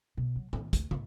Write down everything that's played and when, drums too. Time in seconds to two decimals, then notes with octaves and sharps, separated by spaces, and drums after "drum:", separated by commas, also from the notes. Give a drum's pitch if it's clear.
0.17 B2
0.36 F#3
0.53 D#3, drum: tom A2
0.73 D2, drum: kick, hi-hat
0.91 G#2, drum: tom